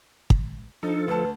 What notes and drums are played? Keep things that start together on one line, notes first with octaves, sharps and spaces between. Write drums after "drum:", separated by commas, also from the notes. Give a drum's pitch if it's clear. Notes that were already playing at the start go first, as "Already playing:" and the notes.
drum: kick
F3 D4 D#4 A4
D2 B4 A5